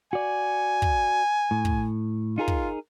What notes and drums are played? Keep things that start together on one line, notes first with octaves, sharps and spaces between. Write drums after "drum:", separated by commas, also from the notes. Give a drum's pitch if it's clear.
F#4 D5 G#5
drum: kick
A2
drum: kick
D#4 F4 G#4 A#4
drum: kick